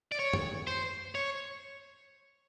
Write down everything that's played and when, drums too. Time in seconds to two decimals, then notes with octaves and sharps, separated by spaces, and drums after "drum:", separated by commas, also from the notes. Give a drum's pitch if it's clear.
0.12 D5
0.19 C#5
0.33 drum: tom F#2
0.67 C5
1.15 C#5